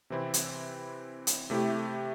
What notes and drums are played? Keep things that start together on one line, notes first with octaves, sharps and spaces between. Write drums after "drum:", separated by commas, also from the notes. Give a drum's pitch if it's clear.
C3 E3 C4 E4
drum: hi-hat
drum: hi-hat
C3 A3 E4 G4